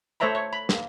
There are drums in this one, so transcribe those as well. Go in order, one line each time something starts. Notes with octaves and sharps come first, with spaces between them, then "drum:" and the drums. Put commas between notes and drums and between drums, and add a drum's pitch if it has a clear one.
A3 C5 C#5 E5 A#5 B5
C#5
B5
A#3, drum: snare